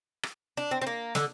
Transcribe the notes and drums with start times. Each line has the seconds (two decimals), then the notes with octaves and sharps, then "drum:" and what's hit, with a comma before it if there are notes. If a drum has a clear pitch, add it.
0.23 drum: rim click
0.57 D4
0.71 C4
0.82 C4
0.87 A#3
1.15 D3, drum: snare